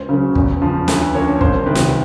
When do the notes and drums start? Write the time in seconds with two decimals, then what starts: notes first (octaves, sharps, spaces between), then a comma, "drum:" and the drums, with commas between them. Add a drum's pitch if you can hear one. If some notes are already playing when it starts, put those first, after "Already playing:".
Already playing: C#2 C5
0.09 C#3 F#3 A#3 C#4
0.35 E2, drum: kick
0.62 C#3 F3
0.88 D2 B4, drum: snare
1.14 D3 F3 A#3 C#4 C#5
1.41 C2 C5, drum: kick
1.66 C3 D#3 B4
1.75 drum: snare